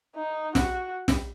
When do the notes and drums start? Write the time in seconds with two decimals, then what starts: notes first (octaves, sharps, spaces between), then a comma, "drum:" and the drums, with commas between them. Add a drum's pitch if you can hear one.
0.15 D#4
0.55 F#4, drum: snare
1.08 drum: snare